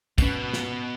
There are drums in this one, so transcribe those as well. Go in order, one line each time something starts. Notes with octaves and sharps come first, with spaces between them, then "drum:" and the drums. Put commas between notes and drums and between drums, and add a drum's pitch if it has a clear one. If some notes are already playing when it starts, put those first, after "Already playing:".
G#2 B2 B3 C#4, drum: kick, tambourine
drum: snare